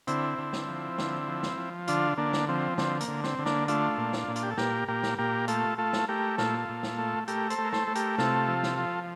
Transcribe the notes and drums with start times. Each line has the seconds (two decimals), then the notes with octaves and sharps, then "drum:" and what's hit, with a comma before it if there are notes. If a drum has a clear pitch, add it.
0.07 D3 C4 E4, drum: hi-hat
0.39 D3
0.53 drum: snare
0.68 F3
0.98 D3, drum: snare
1.28 F3
1.43 drum: snare
1.57 F3
1.87 D3 D4 F4, drum: hi-hat
2.17 D3 A#3 D4
2.33 drum: snare
2.48 F3 C4
2.78 D3 C4, drum: snare
3.00 A#3, drum: hi-hat
3.08 D3
3.24 C4, drum: snare
3.39 D3
3.46 A#3 D4, drum: snare
3.68 A3 D4 F4, drum: hi-hat
3.98 A#2
4.13 drum: snare
4.28 A#2
4.36 F4, drum: hi-hat
4.43 G4
4.51 A4
4.58 A#2 G4 A#4, drum: snare
4.88 A#2 G4 A#4
5.03 drum: snare
5.18 A#2 G4 A#4
5.48 A3 F4 A4, drum: hi-hat
5.78 A3 F4 A4
5.93 drum: snare
6.08 A3 G4 A#4
6.38 A#2 F4 A4, drum: snare
6.69 A#2
6.83 drum: snare
6.98 A3
7.28 A3 G4 A#4, drum: hi-hat
7.50 A4 C5, drum: hi-hat
7.58 A3
7.65 A#4
7.73 A4 C5, drum: snare
7.88 A3
7.95 G4 A#4, drum: hi-hat
8.18 C3 F4 A4, drum: snare
8.48 F3
8.63 drum: snare
8.78 F3